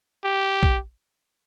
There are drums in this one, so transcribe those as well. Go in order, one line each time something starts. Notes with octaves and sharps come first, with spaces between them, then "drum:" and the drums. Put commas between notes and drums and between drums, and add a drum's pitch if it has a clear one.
G4
drum: kick